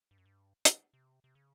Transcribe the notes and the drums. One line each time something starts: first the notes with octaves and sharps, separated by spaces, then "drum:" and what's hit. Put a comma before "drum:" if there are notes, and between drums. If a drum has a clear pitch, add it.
G2
F#2
G2
drum: hi-hat
C3
C3
C#3